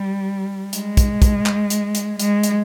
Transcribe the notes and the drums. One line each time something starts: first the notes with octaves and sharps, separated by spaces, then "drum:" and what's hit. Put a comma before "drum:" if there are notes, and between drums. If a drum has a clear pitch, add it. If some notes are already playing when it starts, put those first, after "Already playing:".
Already playing: G3
G#3, drum: hi-hat
drum: kick, hi-hat
drum: kick, hi-hat
drum: clap
drum: hi-hat
drum: hi-hat
G#3, drum: hi-hat
drum: hi-hat